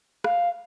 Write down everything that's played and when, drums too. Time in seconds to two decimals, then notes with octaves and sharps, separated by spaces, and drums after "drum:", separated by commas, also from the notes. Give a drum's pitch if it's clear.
0.24 F5, drum: rim click